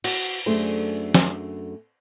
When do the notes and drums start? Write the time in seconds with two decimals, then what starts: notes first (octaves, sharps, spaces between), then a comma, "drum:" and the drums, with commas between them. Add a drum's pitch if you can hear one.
0.04 F#4, drum: cymbal
0.46 F#2 A3 D4 G#4 C5
1.15 drum: snare